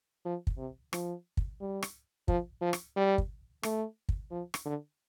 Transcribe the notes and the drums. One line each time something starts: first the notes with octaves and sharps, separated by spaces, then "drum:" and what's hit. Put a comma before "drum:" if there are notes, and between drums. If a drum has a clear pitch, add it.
F3
drum: kick
C3
F3, drum: rim click
drum: kick
G3
drum: rim click
F3, drum: kick
F3
drum: rim click
G3
drum: kick
A3, drum: rim click
drum: kick
F3
drum: rim click
D3